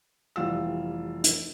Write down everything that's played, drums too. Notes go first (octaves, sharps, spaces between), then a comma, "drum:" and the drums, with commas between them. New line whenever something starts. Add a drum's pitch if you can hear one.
F1 E3 G3 F4 E6
drum: hi-hat